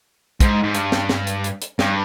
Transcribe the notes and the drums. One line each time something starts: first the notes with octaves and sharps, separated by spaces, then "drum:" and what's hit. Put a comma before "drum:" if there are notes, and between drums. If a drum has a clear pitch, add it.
G#2, drum: kick, hi-hat
G#2
G2, drum: hi-hat
drum: snare
drum: snare
drum: hi-hat
drum: hi-hat
drum: hi-hat
G2, drum: snare